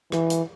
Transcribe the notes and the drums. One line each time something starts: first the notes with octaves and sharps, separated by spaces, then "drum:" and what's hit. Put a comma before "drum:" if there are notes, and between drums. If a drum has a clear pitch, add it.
E3, drum: rim click
drum: hi-hat